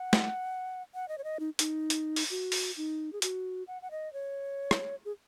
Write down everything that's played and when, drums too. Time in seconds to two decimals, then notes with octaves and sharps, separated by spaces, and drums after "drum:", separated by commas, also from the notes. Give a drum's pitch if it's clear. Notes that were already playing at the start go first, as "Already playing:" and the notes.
Already playing: F#5
0.13 drum: snare
0.94 F#5
1.08 D#5
1.18 C#5
1.24 D#5
1.40 D#4
1.59 D#4, drum: hi-hat
1.90 drum: hi-hat
2.16 drum: open hi-hat
2.30 F#4
2.52 drum: open hi-hat
2.77 D#4
3.13 G#4
3.22 F#4, drum: hi-hat
3.68 F#5
3.82 F#5
3.91 D#5
4.13 C#5
4.71 drum: rim click
5.05 G#4